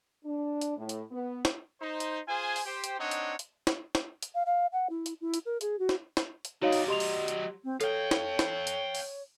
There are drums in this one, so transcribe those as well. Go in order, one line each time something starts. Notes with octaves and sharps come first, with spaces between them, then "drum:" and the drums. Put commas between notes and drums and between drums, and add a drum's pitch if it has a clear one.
D4
drum: hi-hat
A2
drum: hi-hat
B3
drum: snare
D#4 C5
drum: hi-hat
F4 G#4 C5 G#5
drum: open hi-hat
G4 C5 G5
drum: hi-hat
C4 D4 D#4 C#5 D#5 F#5
drum: hi-hat
drum: hi-hat
drum: snare
drum: snare
drum: hi-hat
F5
F5
F#5
E4
drum: hi-hat
E4
drum: hi-hat
A#4
G#4, drum: hi-hat
F#4
drum: snare
drum: snare
drum: hi-hat
F#3 D#4 F#4 C#5 D5 F5
drum: open hi-hat
G4 D#5 C6 F7
drum: open hi-hat
drum: hi-hat
C4
A4 C#5 F5 G5, drum: hi-hat
drum: snare
drum: snare
drum: hi-hat
drum: open hi-hat